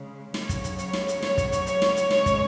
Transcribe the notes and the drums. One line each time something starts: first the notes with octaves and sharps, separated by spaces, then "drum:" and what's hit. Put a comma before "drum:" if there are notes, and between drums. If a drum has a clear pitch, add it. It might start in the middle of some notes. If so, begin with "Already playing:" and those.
Already playing: C#3 G#3
C#3 F#3 C#5, drum: snare
drum: kick, hi-hat
drum: hi-hat
C#5, drum: hi-hat
drum: snare
drum: hi-hat
C#5, drum: snare
drum: kick, hi-hat
drum: hi-hat
C#5, drum: hi-hat
drum: snare
drum: hi-hat
C#3 G#3 C#5, drum: snare
drum: kick, hi-hat